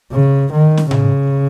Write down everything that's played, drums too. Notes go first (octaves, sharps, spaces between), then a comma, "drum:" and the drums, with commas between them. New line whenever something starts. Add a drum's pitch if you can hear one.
C#3
D#3
drum: snare
C#3, drum: tom A2